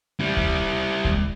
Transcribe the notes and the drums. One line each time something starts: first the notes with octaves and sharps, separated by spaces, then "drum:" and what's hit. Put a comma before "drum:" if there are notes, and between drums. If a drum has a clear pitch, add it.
G3 E4
drum: kick D2
drum: kick D2